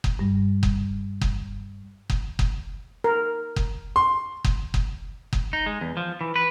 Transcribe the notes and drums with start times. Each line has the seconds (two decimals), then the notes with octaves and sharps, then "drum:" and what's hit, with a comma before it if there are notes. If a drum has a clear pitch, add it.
0.04 drum: kick F#1
0.19 G2 G3
0.63 drum: kick F#1
1.21 drum: kick F#1
2.10 drum: kick F#1
2.39 drum: kick F#1
3.04 A#4
3.56 drum: kick F#1
3.96 C6
4.44 drum: kick F#1
4.74 drum: kick F#1
5.33 drum: kick F#1
5.53 D#4
5.66 G#3
5.81 E2
5.97 F3
6.21 E3
6.36 B4